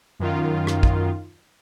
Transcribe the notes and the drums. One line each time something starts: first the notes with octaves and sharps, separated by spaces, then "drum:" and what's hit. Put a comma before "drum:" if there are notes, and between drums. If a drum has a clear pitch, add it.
F#2 D#3 F4
drum: rim click
drum: kick